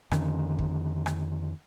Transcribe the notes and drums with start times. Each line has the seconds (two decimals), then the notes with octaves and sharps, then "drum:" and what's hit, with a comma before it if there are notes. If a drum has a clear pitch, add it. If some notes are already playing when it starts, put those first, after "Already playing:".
0.11 F2 D3 D#3 C#4, drum: rim click
0.59 drum: kick
1.06 drum: rim click